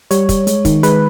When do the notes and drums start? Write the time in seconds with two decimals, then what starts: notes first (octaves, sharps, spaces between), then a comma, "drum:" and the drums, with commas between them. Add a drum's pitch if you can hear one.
0.11 G3 C#5, drum: hi-hat
0.29 G3, drum: kick, hi-hat
0.47 G#3, drum: hi-hat
0.65 D#3, drum: kick, hi-hat
0.83 G#3 B4, drum: hi-hat